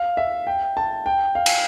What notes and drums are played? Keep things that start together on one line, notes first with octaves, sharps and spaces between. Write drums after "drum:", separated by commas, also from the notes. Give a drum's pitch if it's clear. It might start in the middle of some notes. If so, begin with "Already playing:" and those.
Already playing: F5
E5
G5
A5
G5
F5
drum: cymbal